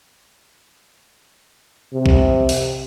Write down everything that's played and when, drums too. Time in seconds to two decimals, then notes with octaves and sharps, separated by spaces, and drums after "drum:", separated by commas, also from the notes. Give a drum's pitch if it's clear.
1.93 C3
2.06 drum: kick B1
2.49 drum: open hi-hat